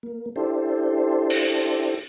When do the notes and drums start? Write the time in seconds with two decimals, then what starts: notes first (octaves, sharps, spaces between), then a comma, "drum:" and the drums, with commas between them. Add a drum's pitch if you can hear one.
0.03 A#3
0.36 D4 E4 G4 A4 C5
1.30 drum: open hi-hat